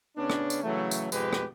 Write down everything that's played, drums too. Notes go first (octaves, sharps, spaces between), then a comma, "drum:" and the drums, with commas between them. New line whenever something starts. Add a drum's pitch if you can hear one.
C#3 B3 C#4 D4
drum: rim click
drum: tambourine
C#3 E3 F#3 A3
drum: tambourine
G#1 F2 B2 G#3 G4 B4, drum: tambourine
drum: rim click